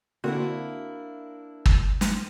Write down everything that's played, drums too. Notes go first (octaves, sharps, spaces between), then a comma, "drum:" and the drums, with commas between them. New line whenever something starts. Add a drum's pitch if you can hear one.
D3 A#3 C4 D4 E4 F#4
drum: kick
drum: snare